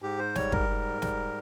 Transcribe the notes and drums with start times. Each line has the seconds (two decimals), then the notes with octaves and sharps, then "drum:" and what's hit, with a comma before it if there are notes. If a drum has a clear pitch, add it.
0.02 G#2 G4
0.19 C5
0.35 G3 C#5, drum: snare
0.52 A#4, drum: kick
0.69 G#2
1.02 G3, drum: snare